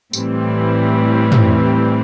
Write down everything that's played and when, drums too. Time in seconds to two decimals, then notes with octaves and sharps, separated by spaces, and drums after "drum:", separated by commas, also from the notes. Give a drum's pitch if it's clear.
0.13 A2 E3 G3 C4, drum: tambourine
1.32 drum: tom